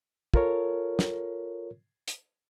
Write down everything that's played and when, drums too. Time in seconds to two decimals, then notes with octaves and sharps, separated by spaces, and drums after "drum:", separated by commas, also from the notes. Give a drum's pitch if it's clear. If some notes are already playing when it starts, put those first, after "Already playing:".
0.34 F4 A4 A#4 C#5, drum: kick
0.99 drum: snare
2.08 drum: hi-hat